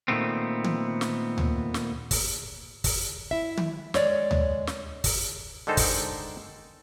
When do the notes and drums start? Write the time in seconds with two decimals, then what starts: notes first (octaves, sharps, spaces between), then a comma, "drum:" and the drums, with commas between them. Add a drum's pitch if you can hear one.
0.08 A#2 D#3 F#3 A3 B3 C4
0.64 drum: tom
1.01 drum: snare
1.38 drum: tom D2
1.74 drum: snare
2.11 drum: kick, open hi-hat
2.84 drum: kick, open hi-hat
3.31 E4 E5
3.57 drum: tom
3.94 G#3 C#5 D5, drum: snare
4.31 drum: tom D2
4.67 drum: snare
5.04 drum: kick, open hi-hat
5.67 D3 D#3 G#3 D#4 A4 C5
5.77 drum: kick, open hi-hat